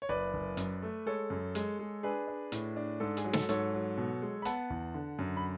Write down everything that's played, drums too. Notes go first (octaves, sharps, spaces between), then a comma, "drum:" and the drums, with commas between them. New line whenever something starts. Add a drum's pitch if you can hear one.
C#5
F#1 B4 D5
F#1
F#2, drum: hi-hat
A3
G#3 A4 C#5
F#2
G#3, drum: hi-hat
G#3
D4 G#4 B4
D4
A2, drum: hi-hat
D4
G#2 A4
G#4, drum: hi-hat
F#3
A4, drum: snare
G#2 A4 C#5, drum: hi-hat
F#3
B2
G#3
B5
B3 F#5 A5, drum: hi-hat
E2
D3
F#2
B5